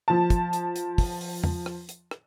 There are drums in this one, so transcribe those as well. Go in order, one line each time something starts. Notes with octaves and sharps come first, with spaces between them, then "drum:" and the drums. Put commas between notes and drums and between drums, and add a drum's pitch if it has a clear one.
F3 A5
drum: kick, hi-hat
drum: hi-hat
drum: hi-hat
drum: kick, open hi-hat
drum: open hi-hat
drum: tom E2
drum: rim click
drum: hi-hat
drum: rim click